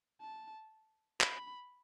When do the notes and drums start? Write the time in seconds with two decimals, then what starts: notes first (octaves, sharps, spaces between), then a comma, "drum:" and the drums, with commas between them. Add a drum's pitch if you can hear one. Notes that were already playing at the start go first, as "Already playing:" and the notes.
0.21 A5
1.21 B5, drum: clap